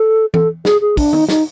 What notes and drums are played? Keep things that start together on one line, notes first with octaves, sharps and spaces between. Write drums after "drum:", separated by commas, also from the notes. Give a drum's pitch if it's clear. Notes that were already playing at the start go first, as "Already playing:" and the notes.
Already playing: A4
A4, drum: tom E3
G#4, drum: snare
G#4
D4, drum: kick, open hi-hat
D#4, drum: tom D#3
D#4, drum: snare